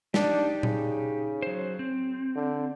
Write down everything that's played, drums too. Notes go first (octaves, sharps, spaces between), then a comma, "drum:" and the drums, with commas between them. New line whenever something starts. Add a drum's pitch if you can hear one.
D4 D#4 G4, drum: snare
C#3, drum: tom A#2
F#3 C5
C4
D3